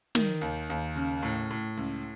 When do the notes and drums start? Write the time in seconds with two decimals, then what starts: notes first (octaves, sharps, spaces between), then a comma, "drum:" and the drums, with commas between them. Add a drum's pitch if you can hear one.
0.15 D#3, drum: snare
0.41 D#2
0.70 D#2
0.96 C#3
1.23 A2
1.51 A2
1.77 C#2